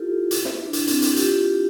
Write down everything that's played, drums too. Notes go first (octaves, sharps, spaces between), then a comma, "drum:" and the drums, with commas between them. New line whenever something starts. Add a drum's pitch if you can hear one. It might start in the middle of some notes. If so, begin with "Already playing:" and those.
Already playing: E4 F4 G4 A4
drum: hi-hat
drum: snare
D4
E4, drum: hi-hat
C4, drum: hi-hat
D4, drum: hi-hat
G4
F4, drum: hi-hat
E4